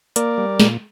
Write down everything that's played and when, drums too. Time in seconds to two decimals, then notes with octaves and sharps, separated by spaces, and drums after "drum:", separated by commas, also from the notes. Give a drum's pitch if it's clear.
0.16 A#3 A#4 D5, drum: hi-hat
0.38 G3
0.60 A#2, drum: snare